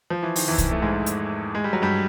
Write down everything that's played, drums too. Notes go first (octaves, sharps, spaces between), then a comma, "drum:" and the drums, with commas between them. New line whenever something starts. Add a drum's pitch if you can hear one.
F3
E3
D#3, drum: open hi-hat
E2 E3
drum: kick, hi-hat
A3
G#2 G#3
drum: hi-hat
G#3
G3
F#3
G2 G3